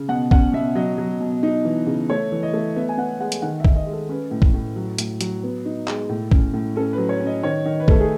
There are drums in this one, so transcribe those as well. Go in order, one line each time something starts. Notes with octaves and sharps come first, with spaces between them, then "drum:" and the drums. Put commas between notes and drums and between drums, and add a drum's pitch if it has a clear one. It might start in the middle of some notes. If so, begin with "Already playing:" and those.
Already playing: C#3
B2 F#5
C#4 F#5, drum: kick A#1
B2 E5
F#3 D#5
F#3
B2
D#4
E3
C#3
A3 C#5
E3
D#5
A3
B3 E5
G#5
B3 F#5
G#3 F#5
drum: hi-hat
D#3 F#5
E5
D#3, drum: kick A#1
D#5
G#3
A4
C#4 B4
A2
drum: kick A#1
A2
F#3
A2, drum: hi-hat
F#3, drum: hi-hat
B3
D#4
G#3, drum: clap
A2
C#4, drum: kick A#1
A2
C#4 A4
B4
F#3
C#5
C#4
D#5
D#3 C#5
D#3
B4
A3 A4, drum: kick A#1
G#4